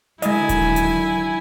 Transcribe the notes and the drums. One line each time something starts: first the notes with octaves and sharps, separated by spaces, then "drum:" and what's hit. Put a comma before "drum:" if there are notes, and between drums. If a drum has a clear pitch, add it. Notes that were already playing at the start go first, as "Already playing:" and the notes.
D3 D#3 F#3 G#3 E4 D#5 G#5, drum: hi-hat
drum: kick D#1, hi-hat
drum: hi-hat